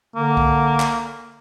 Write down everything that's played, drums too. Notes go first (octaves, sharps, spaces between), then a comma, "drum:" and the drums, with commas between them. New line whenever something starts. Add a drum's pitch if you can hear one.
D3 A#3
drum: kick C2
drum: clap